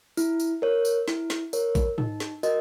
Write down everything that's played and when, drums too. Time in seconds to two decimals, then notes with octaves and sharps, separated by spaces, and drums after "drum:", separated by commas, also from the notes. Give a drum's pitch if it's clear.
0.17 E4, drum: tambourine
0.40 drum: tambourine
0.62 A#4 C#5
0.85 drum: tambourine
1.08 E4, drum: snare
1.30 drum: snare
1.53 A#4 C#5, drum: tambourine
1.75 drum: kick A#1, tambourine
1.98 D#4, drum: tom G#2
2.20 drum: snare
2.43 F#4 A#4 D#5, drum: tambourine